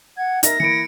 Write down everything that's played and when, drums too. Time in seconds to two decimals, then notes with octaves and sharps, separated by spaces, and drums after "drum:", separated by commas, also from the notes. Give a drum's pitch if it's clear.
0.17 F#5 G#6
0.43 D#4 A#4 E5 A#6, drum: hi-hat
0.60 E3 A#3 E4 C#7 D7